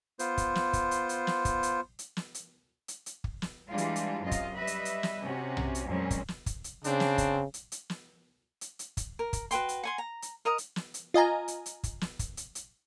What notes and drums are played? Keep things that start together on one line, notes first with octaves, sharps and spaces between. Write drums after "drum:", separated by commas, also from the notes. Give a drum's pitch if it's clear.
B3 F4 C5, drum: hi-hat
drum: kick, hi-hat
drum: snare
drum: kick, hi-hat
drum: hi-hat
drum: hi-hat
drum: snare
drum: kick, hi-hat
drum: hi-hat
drum: hi-hat
drum: snare
drum: hi-hat
drum: hi-hat
drum: hi-hat
drum: kick
drum: snare
E3 G3 G#3 D4 F4
drum: hi-hat
drum: hi-hat
F#2 C3 F4 D#5
drum: kick, hi-hat
G3 B4 D#5 E5
drum: hi-hat
drum: hi-hat
drum: snare
C3 C#4 F#4
drum: tom B1
drum: hi-hat
F2 A#2 F#3 G#3 C4 C#4
drum: kick, hi-hat
drum: snare
drum: kick, hi-hat
drum: hi-hat
C#3 C4 D4, drum: hi-hat
drum: snare
drum: kick, hi-hat
drum: hi-hat
drum: hi-hat
drum: snare
drum: hi-hat
drum: hi-hat
drum: kick, hi-hat
A#4
drum: kick, hi-hat
F#4 B4 G5 C6, drum: hi-hat
drum: hi-hat
F#5 G#5 C6
A#5
drum: hi-hat
A#4 D#5 A#5 D#6
drum: hi-hat
drum: snare
drum: hi-hat
F4 D#5 G#5 A#5
drum: hi-hat
drum: hi-hat
drum: kick, hi-hat
drum: snare
drum: kick, hi-hat
drum: hi-hat
drum: hi-hat